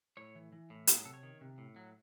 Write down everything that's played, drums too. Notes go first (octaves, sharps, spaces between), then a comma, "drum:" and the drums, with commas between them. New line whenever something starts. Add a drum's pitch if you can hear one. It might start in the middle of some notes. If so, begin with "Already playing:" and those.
A2 C#5
E3
E3
A2
F#3 A4, drum: hi-hat
G#4
C3 A4
C#5
D#3
C3
A2
F#3